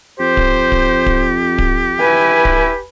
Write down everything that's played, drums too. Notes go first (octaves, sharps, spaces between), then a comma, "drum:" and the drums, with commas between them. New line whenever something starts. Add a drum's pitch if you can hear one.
F2 G4 C5
drum: kick D1
drum: kick D1
drum: kick D1
drum: kick D1
E4 B4 G#5
drum: kick D1